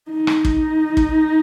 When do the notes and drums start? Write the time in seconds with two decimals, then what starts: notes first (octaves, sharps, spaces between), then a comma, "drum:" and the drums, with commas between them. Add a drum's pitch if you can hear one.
0.10 D#4
0.27 drum: rim click
0.45 drum: kick
0.97 drum: kick